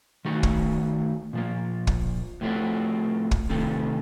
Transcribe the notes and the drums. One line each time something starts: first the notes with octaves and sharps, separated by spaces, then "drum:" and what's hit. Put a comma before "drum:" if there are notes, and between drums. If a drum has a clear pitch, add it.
D#3 A3 D#4 F#4
drum: kick
A#2 F3 A#3
drum: kick
A2 F3 A3 C4 F#4
drum: kick
C3 D#3 A3